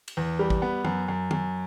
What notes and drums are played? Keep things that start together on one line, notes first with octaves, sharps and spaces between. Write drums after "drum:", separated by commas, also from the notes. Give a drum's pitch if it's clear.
drum: cymbal
E2
G3
drum: kick
B3
F#2, drum: tom
F#2
F#2, drum: tom